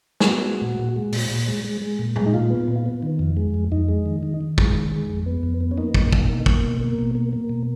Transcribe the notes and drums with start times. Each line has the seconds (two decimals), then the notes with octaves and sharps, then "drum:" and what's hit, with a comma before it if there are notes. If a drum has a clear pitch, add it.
0.20 G#4, drum: snare
0.27 B3 F#4
0.44 G#3
0.61 A#2
0.79 A#2
0.96 G#3
1.12 A#2, drum: open hi-hat
1.31 A#2
1.47 G#3
1.64 G#3
1.81 G#3
1.99 A#2
2.16 G#3, drum: tom A2
2.26 D#4
2.34 A#2 F4
2.50 B3
2.68 A#2
2.86 B3
3.03 D#3
3.19 F2
3.37 G#3
3.54 F2
3.72 F2 D#4
3.88 G#3
4.06 D#3
4.23 D#3
4.41 D#3
4.58 G#3, drum: kick
4.74 D#3
4.92 G#3
5.10 F2
5.26 B3
5.43 F2
5.61 B3
5.71 C#4
5.78 A#3 D#4
5.94 A#3, drum: kick
6.12 B2, drum: kick
6.30 A#3
6.46 A#3, drum: kick
6.64 B2
6.81 A#3
6.99 B2
7.15 A#3
7.33 A#3
7.49 B2